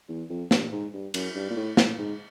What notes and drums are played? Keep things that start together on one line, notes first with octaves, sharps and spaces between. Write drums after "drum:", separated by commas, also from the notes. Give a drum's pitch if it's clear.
E2
F2
G2, drum: snare
G#2
G2
F#2, drum: cymbal
G2
A#2
A2
A2, drum: snare
G#2